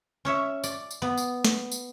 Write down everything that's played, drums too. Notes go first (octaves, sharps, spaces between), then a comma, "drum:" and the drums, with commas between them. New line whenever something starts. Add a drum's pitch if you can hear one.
C#4 C#5 E5
D5, drum: tambourine
drum: tambourine
B3
drum: tambourine
drum: snare
drum: tambourine